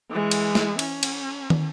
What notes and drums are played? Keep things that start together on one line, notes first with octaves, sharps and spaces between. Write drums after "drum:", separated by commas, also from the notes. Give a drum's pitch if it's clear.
E3 G#3
drum: cymbal
drum: snare
C#4, drum: cymbal
drum: cymbal
drum: tom